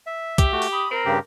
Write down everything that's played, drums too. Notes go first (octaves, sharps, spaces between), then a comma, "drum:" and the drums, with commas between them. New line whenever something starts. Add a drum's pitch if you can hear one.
E5
G4, drum: kick, hi-hat
A3 F#4
drum: open hi-hat
B5 D#6
C4 A#4
G2 C#3 G4